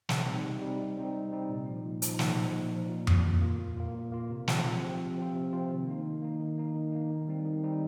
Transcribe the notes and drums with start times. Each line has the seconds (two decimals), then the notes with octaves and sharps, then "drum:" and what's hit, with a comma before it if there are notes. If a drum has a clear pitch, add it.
0.09 C3, drum: snare
0.26 G3 C4 D#4
0.44 C3
0.62 G3 C4 D#4
0.80 C3
0.97 G3 C4 D#4
1.15 C3
1.32 G3 C4 D#4
1.49 A#2
1.66 F3 D#4
1.85 A#2
2.02 F3 D#4, drum: hi-hat
2.19 A#2, drum: snare
2.37 F3 D#4
2.55 A#2
2.72 F3 D#4
2.90 A#2
3.07 A#3 F4, drum: tom F2
3.24 A#2
3.42 A#3 F4
3.59 A#2
3.77 A#3 F4
3.95 A#2
4.12 A#3 F4
4.30 C3
4.48 F3 C4 F4, drum: snare
4.65 C3
4.82 F3 C4 F4
5.00 C3
5.18 F3 C4 F4
5.35 C3
5.53 F3 C4 F4
5.70 D#3
5.87 A#3 D#4
6.06 D#3
6.22 A#3 D#4
6.40 D#3
6.58 A#3 D#4
6.75 D#3
6.92 A#3 D#4
7.10 D#3
7.28 G3 C4 D#4
7.45 D#3
7.63 G3 C4 D#4